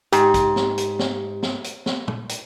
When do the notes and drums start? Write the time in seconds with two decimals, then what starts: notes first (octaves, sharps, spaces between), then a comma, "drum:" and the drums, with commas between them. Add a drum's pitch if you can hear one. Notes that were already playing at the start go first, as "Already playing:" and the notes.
0.13 G#2 G4, drum: hi-hat
0.34 drum: kick, hi-hat
0.56 drum: snare
0.78 drum: hi-hat
0.99 drum: snare
1.43 drum: snare
1.64 drum: hi-hat
1.86 drum: snare
2.08 drum: tom
2.29 drum: hi-hat